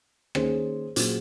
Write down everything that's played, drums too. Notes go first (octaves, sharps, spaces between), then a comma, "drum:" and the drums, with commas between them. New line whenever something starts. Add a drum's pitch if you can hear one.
D#3 A#3 C#4 G#4 C5, drum: rim click
A#2 F#3 C#4 G#4 C5, drum: hi-hat